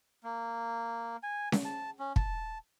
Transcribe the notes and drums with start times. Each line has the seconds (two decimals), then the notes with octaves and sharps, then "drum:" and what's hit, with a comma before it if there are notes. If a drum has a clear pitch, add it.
0.24 A#3
1.23 G#5
1.52 drum: snare C#4
1.65 A5
1.99 C#4
2.16 A5, drum: kick